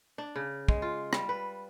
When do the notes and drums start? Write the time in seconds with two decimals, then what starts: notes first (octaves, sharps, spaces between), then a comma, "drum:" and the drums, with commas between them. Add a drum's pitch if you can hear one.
0.18 D4
0.36 C#3
0.68 G#3, drum: kick
0.82 F4
1.13 G3, drum: rim click
1.29 B4